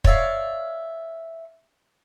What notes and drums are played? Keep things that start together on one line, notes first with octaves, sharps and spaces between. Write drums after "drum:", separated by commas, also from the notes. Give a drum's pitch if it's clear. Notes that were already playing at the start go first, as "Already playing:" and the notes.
C#5 D5 E5 F5, drum: kick